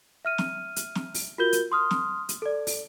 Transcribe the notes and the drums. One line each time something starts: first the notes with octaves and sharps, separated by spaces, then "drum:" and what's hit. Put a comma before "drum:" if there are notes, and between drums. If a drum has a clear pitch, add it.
E5 F6 D#7
drum: snare
drum: hi-hat
drum: snare
drum: open hi-hat
F4 F#4 A#4 G6 G7
drum: hi-hat
C6 D#6 F6
drum: snare
drum: hi-hat
A4 D5
drum: open hi-hat